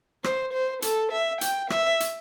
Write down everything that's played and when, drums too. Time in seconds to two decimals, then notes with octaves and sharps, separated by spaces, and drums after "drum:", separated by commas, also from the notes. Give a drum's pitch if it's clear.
0.24 C5, drum: rim click
0.53 C5
0.82 A4, drum: hi-hat
1.12 E5
1.41 G5, drum: hi-hat
1.70 E5, drum: rim click
2.00 drum: hi-hat